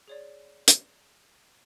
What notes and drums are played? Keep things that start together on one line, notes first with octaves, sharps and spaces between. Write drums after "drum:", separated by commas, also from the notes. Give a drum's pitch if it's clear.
G#4 C#5 D5
drum: hi-hat